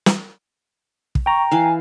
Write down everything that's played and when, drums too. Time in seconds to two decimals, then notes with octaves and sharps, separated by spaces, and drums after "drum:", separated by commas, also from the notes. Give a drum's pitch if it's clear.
0.06 drum: snare
1.15 drum: kick
1.26 G5 A#5 C#6
1.51 E3 F5 G#5